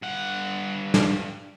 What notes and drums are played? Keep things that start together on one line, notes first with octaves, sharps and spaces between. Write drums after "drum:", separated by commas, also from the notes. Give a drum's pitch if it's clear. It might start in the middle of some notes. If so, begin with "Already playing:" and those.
G2 F#5
drum: snare